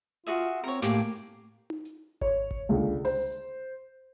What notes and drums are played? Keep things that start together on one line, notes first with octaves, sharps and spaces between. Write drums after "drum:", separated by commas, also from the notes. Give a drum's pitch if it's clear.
F4 F#4 G#4 E5
C4 A#4 C#5
A2 A#3 G4 G#4, drum: snare
drum: tom D#4
drum: hi-hat
C#5, drum: kick G#1
drum: kick G#1
C#2 D3
C5, drum: open hi-hat